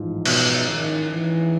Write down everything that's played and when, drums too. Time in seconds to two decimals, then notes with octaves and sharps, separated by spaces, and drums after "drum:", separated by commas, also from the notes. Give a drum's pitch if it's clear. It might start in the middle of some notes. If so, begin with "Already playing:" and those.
Already playing: A1 G#2 F3
0.25 B2, drum: cymbal
0.69 D#3
1.13 E3